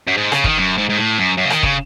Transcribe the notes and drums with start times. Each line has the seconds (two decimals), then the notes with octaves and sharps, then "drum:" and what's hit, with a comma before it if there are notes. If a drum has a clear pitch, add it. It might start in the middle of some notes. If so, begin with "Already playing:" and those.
0.08 F#2
0.17 G#2
0.32 C#3, drum: rim click
0.44 D#3, drum: kick
0.58 F#2
0.78 G#2
0.90 G#2
0.97 A2
1.18 F#2
1.37 F#2
1.45 C#3
1.50 D#3, drum: rim click
1.63 C#3, drum: kick